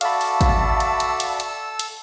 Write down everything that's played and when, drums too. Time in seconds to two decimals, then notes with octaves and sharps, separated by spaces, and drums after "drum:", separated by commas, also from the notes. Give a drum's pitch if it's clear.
0.01 F#4 A4 D5 E5 F5 A5 B5 E6, drum: hi-hat
0.21 drum: open hi-hat
0.41 drum: kick, hi-hat
0.80 drum: hi-hat
1.00 drum: hi-hat
1.20 drum: hi-hat
1.40 drum: hi-hat
1.79 drum: hi-hat